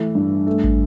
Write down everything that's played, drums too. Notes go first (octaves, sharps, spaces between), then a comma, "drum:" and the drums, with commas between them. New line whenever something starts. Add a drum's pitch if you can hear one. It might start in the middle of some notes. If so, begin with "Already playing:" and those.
Already playing: E3 A3
G2
A3
drum: kick